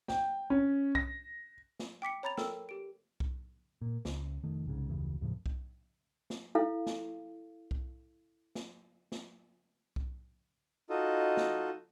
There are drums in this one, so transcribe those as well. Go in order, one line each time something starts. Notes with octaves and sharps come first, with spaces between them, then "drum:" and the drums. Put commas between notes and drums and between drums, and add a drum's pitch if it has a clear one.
G5, drum: snare
C#4
A#6, drum: kick B1
drum: snare
G5 D6 B6 C#7
C#5 A#5 B5 A6 F7
A4 A#4 G5 E6, drum: snare
G4 D7
drum: kick B1
A#2
C#2, drum: snare
F1 D#3 A3
C2 G#2 C#3
F1 D2 C#3 E3
D#2 A2 C#3 F3
drum: kick B1
drum: snare
E4 A4 F5
drum: snare
drum: kick B1
drum: snare
drum: snare
drum: kick B1
D#4 F4 F#4 A4 D#5
drum: snare